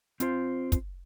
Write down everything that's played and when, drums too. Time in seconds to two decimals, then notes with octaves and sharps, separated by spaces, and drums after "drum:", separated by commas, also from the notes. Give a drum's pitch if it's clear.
0.20 C4 F4 C5, drum: hi-hat
0.72 drum: kick, hi-hat